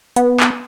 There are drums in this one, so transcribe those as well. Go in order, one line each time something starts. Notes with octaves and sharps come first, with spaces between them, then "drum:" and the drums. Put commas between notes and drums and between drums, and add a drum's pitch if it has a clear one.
B3, drum: hi-hat
drum: clap